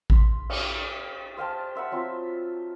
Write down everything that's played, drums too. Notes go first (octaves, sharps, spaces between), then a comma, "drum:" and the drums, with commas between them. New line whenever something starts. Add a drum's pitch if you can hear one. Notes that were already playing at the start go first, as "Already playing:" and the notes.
B5 C6, drum: kick A1
G4 F5, drum: cymbal
C5 F5 G5 A5
C5 E5 F#5 B5
F#3 C4 F4 B5